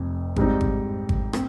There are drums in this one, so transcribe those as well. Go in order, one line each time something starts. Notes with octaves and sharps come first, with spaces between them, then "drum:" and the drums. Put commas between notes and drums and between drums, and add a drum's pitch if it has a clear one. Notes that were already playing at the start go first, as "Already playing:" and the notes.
Already playing: F1 F2 C3
G#2 G3 C4 D#4, drum: kick G#1
drum: kick G#1
drum: kick G#1
C4, drum: rim click